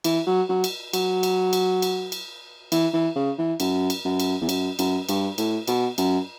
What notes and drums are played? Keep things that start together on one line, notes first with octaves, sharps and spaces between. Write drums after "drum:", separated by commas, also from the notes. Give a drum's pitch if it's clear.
E3, drum: cymbal
F#3
F#3
drum: cymbal
F#3, drum: cymbal
drum: cymbal
drum: cymbal
drum: cymbal
drum: cymbal
E3, drum: cymbal
E3
C#3
E3
F#2, drum: cymbal
drum: cymbal
F#2
drum: cymbal
E2
F#2, drum: cymbal
F#2, drum: cymbal
G2, drum: cymbal
A2, drum: cymbal
B2, drum: cymbal
F#2, drum: cymbal